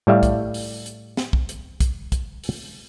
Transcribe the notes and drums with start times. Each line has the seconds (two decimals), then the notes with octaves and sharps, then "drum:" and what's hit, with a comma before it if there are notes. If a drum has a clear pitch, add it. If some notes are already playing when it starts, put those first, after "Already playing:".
0.07 A2 G3 E5 F5
0.23 drum: kick, hi-hat
0.54 drum: open hi-hat
0.86 drum: hi-hat
1.17 drum: snare
1.33 drum: kick
1.49 drum: hi-hat
1.80 drum: kick, hi-hat
2.12 drum: kick, hi-hat
2.44 drum: open hi-hat